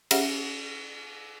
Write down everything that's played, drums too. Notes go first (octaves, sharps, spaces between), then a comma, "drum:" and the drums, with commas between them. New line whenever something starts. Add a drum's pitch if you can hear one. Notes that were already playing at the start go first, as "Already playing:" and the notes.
C#4 G4 G#4 C#5 E5 F#5, drum: cymbal